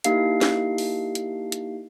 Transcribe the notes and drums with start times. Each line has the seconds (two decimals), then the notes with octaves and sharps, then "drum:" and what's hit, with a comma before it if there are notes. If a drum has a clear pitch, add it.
0.04 A#3 D#4 E4 G4 F5 C7, drum: hi-hat
0.41 drum: snare
0.78 drum: open hi-hat
1.15 drum: hi-hat
1.52 drum: hi-hat